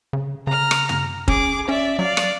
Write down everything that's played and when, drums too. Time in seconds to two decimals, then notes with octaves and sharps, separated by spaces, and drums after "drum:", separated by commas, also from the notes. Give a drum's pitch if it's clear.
0.13 C#3
0.47 C#3 A#5 F6
0.71 drum: rim click
0.89 drum: tom
1.28 C#4 G#4 D6, drum: kick
1.69 C#4 D5 E5
1.99 F#3 D5 F5
2.17 drum: rim click